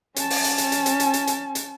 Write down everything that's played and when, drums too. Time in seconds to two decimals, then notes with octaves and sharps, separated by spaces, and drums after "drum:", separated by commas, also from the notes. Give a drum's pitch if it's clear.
0.16 C#4 A5, drum: hi-hat
0.30 drum: open hi-hat
0.44 drum: hi-hat
0.58 drum: hi-hat
0.72 drum: hi-hat
0.86 drum: hi-hat
1.00 drum: hi-hat
1.14 drum: hi-hat
1.27 drum: hi-hat
1.55 drum: hi-hat